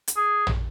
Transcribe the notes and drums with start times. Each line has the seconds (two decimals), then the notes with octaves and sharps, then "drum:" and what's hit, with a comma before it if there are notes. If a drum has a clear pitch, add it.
0.08 drum: hi-hat
0.17 G#4
0.47 drum: tom